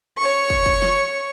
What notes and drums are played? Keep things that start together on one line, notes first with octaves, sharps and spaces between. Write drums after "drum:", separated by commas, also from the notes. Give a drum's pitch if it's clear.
C#5 C#6
drum: kick
drum: kick
drum: snare